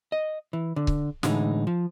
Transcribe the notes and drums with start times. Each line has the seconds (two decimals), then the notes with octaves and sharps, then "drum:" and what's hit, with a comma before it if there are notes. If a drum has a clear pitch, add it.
0.12 D#5
0.53 E3
0.76 D3
0.87 drum: kick C#1
1.23 A2 D3 E3 G#3 C4 D#4, drum: snare
1.67 F3